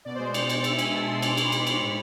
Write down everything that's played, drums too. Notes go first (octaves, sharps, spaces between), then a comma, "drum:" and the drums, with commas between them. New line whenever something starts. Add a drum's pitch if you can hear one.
B2 D5
G#3 C5
D5
B2, drum: cymbal
G#3, drum: cymbal
B2 E5, drum: cymbal
G#3 G#5, drum: cymbal
B2 A5
G#3 C6
B2 D6, drum: cymbal
C6
G#3, drum: cymbal
B5
B2, drum: cymbal
G#3, drum: cymbal
A2 B5